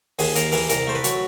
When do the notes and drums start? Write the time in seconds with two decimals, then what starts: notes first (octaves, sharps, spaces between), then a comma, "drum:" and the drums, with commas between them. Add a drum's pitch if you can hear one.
0.19 D#2 G#4, drum: open hi-hat
0.35 D#2 A#4, drum: hi-hat
0.52 E3 A#4, drum: open hi-hat
0.69 C2 A#4, drum: hi-hat
0.87 A3 C5
0.95 B4
1.04 F#3, drum: hi-hat